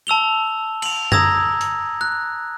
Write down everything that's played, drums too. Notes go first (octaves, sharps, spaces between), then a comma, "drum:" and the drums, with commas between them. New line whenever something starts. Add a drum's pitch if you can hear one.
A5 E6 F7 G7
F7 F#7, drum: cymbal
A#5 D#6 E6 G#6 A#6, drum: tom F#2
drum: open hi-hat
F#6